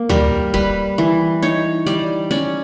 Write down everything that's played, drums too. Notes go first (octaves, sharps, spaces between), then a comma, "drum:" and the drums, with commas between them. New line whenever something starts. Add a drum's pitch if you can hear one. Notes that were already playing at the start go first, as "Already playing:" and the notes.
Already playing: A#3
G3 A#4, drum: tom
G3 B4, drum: kick D#1
E3
D#4 C#5
G3 D5
C#4 D5